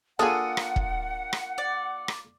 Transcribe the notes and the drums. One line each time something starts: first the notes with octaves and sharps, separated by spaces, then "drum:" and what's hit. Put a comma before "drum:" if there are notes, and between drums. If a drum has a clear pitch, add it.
A#3 D4 F4 G#4 A4 F#5 D#6
drum: rim click
drum: kick
drum: rim click
D5
drum: rim click